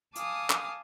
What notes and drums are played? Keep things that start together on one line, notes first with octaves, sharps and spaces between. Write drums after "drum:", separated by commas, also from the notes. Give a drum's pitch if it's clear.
F5 G#5 A5 D6 D#6 F6, drum: hi-hat
drum: clap